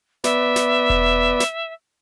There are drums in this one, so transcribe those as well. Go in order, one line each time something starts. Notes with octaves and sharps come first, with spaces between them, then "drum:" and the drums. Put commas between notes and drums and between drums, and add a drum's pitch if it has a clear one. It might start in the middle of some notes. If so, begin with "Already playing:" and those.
B3 B4 D5 E5, drum: snare
drum: snare
drum: kick E1
drum: snare